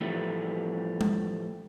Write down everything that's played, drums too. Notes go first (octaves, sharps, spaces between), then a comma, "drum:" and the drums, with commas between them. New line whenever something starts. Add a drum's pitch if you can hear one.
A2 E3 F3 G3 A3
drum: tom G#3